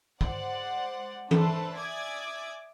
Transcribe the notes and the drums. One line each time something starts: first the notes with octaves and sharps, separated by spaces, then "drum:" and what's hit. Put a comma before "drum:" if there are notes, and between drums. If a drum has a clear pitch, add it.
G#3 C5 D5 F#5, drum: kick
A3 D4 A4 B4 C5 C6, drum: tom E3
D5 E5 G#5 D6 D#6 G#6